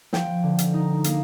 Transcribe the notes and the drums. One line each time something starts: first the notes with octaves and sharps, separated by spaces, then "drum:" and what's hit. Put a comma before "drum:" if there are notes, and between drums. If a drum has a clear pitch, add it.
F3 G5, drum: snare
D3
drum: hi-hat
D#4
A#3, drum: hi-hat